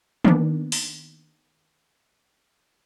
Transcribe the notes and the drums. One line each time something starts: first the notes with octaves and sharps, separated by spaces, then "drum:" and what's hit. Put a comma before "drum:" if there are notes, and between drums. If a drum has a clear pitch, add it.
D#3 A#3 B3 D4, drum: tom D#3
drum: open hi-hat